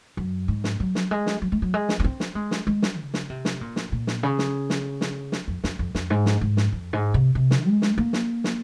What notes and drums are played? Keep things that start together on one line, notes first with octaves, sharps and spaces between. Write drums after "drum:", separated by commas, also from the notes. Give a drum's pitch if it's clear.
F#2
G#2
drum: snare
F#3
drum: snare
G#3
drum: snare
F#3
G#3
F#3
G#3
drum: snare
C#4
C4
drum: snare
G#3
drum: snare
G#3
drum: snare
C#3
drum: snare
C3
drum: snare
A#2
drum: snare
A#2
drum: snare
C#3
drum: snare
drum: snare
drum: snare
drum: snare
F2
F2, drum: snare
F2
F2, drum: snare
G#2
drum: snare
G#2
drum: snare
F2
G#2
C3
C3
drum: snare
G#3
drum: snare
A#3
drum: snare
drum: snare